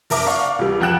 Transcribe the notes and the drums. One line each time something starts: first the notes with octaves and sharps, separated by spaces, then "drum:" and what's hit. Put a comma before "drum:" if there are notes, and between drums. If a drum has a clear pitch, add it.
F#1 A#4 E5 D6, drum: open hi-hat
D5 F5 F#5 C#6
C#2 G3
F2 F3 F#5 G5 F#6 E7